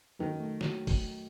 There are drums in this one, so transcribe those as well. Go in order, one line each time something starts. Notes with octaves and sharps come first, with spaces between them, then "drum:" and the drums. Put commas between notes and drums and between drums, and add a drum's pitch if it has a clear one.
D#3 F#3
A3
F#3, drum: snare
drum: kick, open hi-hat